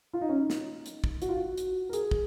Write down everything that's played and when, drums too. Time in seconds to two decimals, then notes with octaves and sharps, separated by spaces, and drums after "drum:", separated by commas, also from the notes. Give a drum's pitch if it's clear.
0.13 F4
0.21 D#4
0.29 C#4
0.36 D#4
0.50 drum: snare
0.86 drum: hi-hat
1.04 drum: kick
1.22 F#4, drum: hi-hat
1.29 F4
1.36 F#4
1.58 drum: hi-hat
1.89 A#4
1.93 G#4, drum: hi-hat
2.11 drum: kick